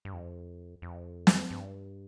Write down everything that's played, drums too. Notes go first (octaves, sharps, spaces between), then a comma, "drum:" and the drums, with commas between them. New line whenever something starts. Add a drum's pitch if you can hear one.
G2
F2
F2
drum: snare
G2